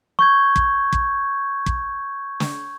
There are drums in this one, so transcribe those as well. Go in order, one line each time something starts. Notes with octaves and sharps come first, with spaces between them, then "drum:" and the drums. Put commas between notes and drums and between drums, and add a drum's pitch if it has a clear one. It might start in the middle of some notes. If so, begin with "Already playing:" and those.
C#6 G6 G#6
drum: kick
drum: kick
drum: kick
drum: snare